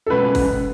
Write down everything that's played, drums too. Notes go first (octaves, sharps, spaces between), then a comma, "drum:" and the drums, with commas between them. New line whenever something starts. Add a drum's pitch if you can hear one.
A4
B2 G#3 C#4 F#4 B4
drum: kick F#1, open hi-hat